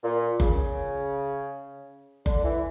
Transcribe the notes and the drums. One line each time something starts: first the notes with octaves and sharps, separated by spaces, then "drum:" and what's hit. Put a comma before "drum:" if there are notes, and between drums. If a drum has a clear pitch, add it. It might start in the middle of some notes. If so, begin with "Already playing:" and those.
A#2
C#3, drum: kick F#1
D3, drum: kick F#1
E3